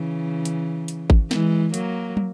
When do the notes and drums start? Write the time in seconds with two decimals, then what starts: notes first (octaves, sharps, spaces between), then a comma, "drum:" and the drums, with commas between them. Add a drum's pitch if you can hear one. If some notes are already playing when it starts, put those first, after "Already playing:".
Already playing: C#3 E3
0.45 drum: hi-hat
0.88 drum: hi-hat
1.10 drum: kick G#1
1.31 E3 G#3, drum: snare
1.74 F#3 A#3, drum: hi-hat
2.17 drum: tom